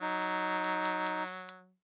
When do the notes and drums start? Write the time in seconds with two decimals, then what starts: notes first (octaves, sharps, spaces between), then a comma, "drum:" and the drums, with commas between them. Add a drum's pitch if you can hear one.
0.01 F#3 D#4
0.22 drum: open hi-hat
0.64 drum: hi-hat
0.86 drum: hi-hat
1.07 drum: hi-hat
1.28 drum: open hi-hat
1.49 drum: hi-hat